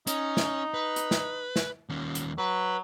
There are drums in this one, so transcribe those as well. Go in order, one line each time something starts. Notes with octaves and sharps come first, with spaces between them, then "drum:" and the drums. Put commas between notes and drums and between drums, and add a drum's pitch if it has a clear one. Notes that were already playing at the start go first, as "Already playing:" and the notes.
C#4 D#4, drum: hi-hat
drum: snare
B4
drum: hi-hat
drum: snare
drum: snare
D#2 C#4
drum: hi-hat
F#3 B4